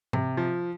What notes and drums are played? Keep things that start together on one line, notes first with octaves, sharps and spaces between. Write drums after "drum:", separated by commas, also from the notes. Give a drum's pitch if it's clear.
C3, drum: tom G#2
F3